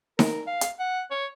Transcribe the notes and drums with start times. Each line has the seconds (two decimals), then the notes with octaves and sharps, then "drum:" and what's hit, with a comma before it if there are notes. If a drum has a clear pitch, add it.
0.19 A#4, drum: snare D#4
0.47 F5
0.61 drum: hi-hat
0.79 F#5
1.11 C#5